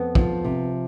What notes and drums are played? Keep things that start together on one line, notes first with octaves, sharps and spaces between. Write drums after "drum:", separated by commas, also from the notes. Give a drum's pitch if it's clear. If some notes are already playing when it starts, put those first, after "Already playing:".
Already playing: F2 B3
F3, drum: kick
C3